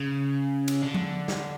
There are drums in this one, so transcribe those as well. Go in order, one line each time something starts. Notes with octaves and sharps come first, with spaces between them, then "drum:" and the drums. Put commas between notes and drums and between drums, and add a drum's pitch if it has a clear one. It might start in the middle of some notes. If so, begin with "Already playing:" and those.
Already playing: C#3
drum: cymbal
D3
drum: tom F3
drum: snare